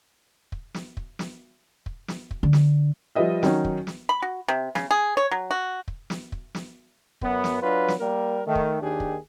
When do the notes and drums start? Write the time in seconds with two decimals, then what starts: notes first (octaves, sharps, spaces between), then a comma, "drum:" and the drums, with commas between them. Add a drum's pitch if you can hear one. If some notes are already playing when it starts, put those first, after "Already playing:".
0.52 drum: kick
0.74 drum: snare
0.97 drum: kick
1.19 drum: snare
1.86 drum: kick
2.08 drum: snare
2.31 drum: kick
2.43 D3
2.53 drum: snare
3.15 F3 G3 B4 D#5 E5
3.43 D#3 F#3 C#4 D#4, drum: snare
3.65 drum: kick
3.87 drum: snare
4.09 B5
4.22 F#4
4.48 C3
4.75 C#3, drum: snare
4.91 G#4
5.17 C#5
5.31 F#3
5.51 F#4
5.88 drum: kick
6.10 drum: snare
6.32 drum: kick
6.55 drum: snare
7.21 F#2 B3, drum: kick
7.44 drum: snare
7.61 F#3 D4 F4 B4
7.88 drum: snare
8.00 G3 A#3 A#4
8.46 D#3 A3
8.55 drum: kick
8.81 D#2 D#3 D4 G4 G#4
9.00 drum: kick